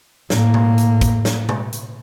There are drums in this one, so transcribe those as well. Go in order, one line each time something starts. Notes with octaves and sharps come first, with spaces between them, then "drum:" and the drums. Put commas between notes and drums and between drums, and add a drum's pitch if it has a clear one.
A2 A#3, drum: snare
drum: tom
drum: hi-hat
drum: kick, hi-hat
drum: snare
drum: tom
drum: hi-hat